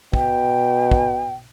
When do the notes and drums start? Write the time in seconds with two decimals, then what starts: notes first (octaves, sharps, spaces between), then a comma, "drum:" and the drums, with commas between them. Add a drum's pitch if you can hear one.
0.13 B2 G5, drum: kick
0.91 drum: kick